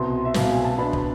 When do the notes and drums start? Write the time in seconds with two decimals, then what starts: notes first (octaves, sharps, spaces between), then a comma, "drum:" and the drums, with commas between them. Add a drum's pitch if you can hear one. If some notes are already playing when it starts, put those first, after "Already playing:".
Already playing: C2 B2 B3 C6
0.25 E5
0.34 C2 B2 B3 F5, drum: snare
0.52 G#5
0.64 A5
0.78 B2 B3 D4 B5
0.93 drum: kick